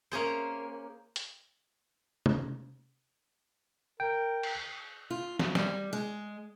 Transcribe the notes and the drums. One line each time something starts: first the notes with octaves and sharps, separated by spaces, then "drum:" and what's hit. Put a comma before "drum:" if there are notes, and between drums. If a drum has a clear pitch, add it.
A#3 C#4 G#4 C5
drum: hi-hat
drum: tom C3
A#4 G5
drum: cymbal
F4
F#3, drum: snare
G3, drum: snare
G#3